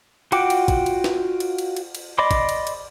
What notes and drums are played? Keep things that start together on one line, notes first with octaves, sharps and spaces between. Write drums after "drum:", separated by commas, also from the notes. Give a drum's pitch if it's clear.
F4 F#4 F#5 G5 D6, drum: cymbal
drum: cymbal
drum: kick G#1, cymbal
drum: cymbal
drum: snare
drum: cymbal
drum: cymbal
drum: cymbal
drum: cymbal
D5 D#5 B5 C6 D6
drum: kick G#1, cymbal
drum: cymbal
drum: cymbal